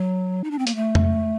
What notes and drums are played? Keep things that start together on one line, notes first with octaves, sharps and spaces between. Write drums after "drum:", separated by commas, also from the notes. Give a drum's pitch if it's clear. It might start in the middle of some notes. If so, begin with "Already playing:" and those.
Already playing: F#3
D#4
D4
C4
A#3, drum: hi-hat
A3
drum: tom F2